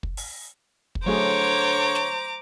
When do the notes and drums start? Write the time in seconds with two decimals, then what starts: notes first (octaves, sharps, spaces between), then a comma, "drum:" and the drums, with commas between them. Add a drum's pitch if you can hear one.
0.03 drum: kick
0.17 drum: open hi-hat
0.95 drum: kick
1.06 D3 F#3 A3 G#4 C5 C#5 A#5 D6
1.95 drum: snare